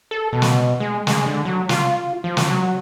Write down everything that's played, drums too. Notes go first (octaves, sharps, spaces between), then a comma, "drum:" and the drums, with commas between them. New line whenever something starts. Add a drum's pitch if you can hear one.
A4
B2
drum: snare
G#3
G#3, drum: snare
D3
F#3
F4, drum: snare
F3
drum: snare
F#3